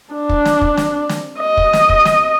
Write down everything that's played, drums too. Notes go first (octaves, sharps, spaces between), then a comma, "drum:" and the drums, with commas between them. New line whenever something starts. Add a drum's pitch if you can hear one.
D4
drum: kick
drum: snare
drum: kick
drum: snare
drum: snare
D#5
drum: kick
drum: snare
drum: kick
drum: snare